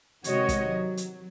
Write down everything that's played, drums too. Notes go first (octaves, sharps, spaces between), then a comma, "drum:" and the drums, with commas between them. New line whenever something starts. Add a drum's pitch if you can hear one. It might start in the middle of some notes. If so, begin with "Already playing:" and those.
C3 D#3 G#3 F#4 C#5 D#5, drum: hi-hat
drum: kick, hi-hat
F#3
drum: hi-hat